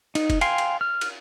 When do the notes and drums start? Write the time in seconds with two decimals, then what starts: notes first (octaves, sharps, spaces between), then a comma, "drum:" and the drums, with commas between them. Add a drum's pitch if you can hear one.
0.15 D#4, drum: cymbal
0.30 drum: kick F1, cymbal
0.41 F5 G5 G#5 C6, drum: cymbal
0.58 drum: cymbal
0.81 F6
1.01 drum: cymbal